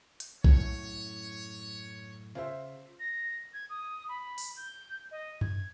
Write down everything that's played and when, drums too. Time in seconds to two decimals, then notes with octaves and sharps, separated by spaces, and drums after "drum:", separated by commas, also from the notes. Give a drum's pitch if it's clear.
0.20 drum: hi-hat
0.44 F#2 A2 C#5, drum: kick B1
2.35 C#3 F4 C5 E5
2.99 A#6
3.53 G#6
3.69 D#6
4.09 B5
4.38 drum: open hi-hat
4.56 G6
5.11 D#5
5.41 G#6, drum: tom F#2